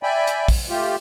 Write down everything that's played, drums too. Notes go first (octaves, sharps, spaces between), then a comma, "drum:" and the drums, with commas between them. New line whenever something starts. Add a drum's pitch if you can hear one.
D5 E5 G5 G#5 B5
drum: hi-hat
drum: kick, open hi-hat
A3 F4 G4